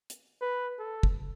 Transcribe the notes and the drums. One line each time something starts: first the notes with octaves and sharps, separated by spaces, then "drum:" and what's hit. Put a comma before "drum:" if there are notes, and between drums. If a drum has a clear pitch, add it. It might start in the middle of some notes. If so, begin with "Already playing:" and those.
drum: hi-hat
B4
A4
drum: kick